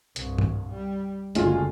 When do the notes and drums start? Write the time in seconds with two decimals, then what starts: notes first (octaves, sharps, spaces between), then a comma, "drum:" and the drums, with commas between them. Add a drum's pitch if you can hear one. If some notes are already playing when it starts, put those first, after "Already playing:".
0.16 C2 G2, drum: hi-hat
0.38 drum: tom G#2
0.70 G3
1.35 F#1 D2 G#3 F4, drum: hi-hat